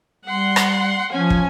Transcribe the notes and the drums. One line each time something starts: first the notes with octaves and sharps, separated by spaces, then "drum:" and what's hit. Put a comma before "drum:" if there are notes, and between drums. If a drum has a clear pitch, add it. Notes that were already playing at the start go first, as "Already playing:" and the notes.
G3 F#5 C6
drum: rim click
F3 C#4 G#5
drum: kick